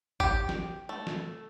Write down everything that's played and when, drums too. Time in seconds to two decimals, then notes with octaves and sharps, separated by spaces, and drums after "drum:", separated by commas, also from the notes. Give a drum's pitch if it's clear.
0.20 G4, drum: kick G#1
0.49 drum: snare
0.89 A3
1.07 drum: snare